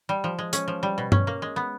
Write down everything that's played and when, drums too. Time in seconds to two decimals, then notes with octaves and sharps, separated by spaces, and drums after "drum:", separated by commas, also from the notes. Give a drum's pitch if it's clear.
0.09 G3
0.24 F3
0.39 G#3
0.53 C#4, drum: hi-hat
0.68 F3
0.83 G3
0.98 B2
1.12 C#4, drum: tom G2
1.27 A#3
1.42 G#3
1.56 B3